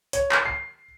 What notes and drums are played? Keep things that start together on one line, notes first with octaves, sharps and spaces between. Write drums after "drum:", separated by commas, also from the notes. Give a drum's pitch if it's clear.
C#5, drum: hi-hat
drum: clap
C7